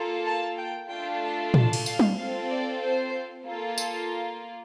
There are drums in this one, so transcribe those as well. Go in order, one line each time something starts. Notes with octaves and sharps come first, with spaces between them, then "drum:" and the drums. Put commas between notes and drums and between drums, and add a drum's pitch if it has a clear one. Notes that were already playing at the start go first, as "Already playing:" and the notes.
Already playing: A#3 F4 A4
A5
G5
A3 D4 F4 A4 G5
A5
A5, drum: tom
drum: cymbal
F5, drum: tambourine
drum: tom F#3
C4 F4 A4 F5
D5
C5
A#3 F4 A4
A4, drum: tambourine